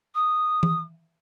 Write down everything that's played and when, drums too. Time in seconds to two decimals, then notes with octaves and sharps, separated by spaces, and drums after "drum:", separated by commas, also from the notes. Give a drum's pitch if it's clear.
0.15 D#6
0.63 drum: tom E3